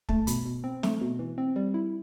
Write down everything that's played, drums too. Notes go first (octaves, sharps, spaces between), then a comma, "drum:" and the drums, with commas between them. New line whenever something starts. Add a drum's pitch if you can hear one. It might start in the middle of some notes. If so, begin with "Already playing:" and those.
A3 A5, drum: kick
B2 B5, drum: hi-hat
B2
C4
A3, drum: snare
B2
E3
C4
G3
E4